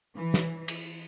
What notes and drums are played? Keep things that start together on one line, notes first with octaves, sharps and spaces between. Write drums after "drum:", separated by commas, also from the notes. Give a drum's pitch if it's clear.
E3
drum: snare
drum: cymbal